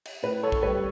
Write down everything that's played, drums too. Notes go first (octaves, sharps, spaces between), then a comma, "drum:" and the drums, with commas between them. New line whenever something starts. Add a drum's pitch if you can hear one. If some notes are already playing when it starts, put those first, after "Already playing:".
drum: cymbal
A2 B4
A4 C#5
drum: kick A#1
G3 B4